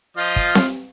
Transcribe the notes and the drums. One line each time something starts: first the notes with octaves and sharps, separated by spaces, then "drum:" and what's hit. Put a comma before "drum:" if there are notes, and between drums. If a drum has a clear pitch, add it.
F3 F4 D#5
drum: kick
drum: snare C4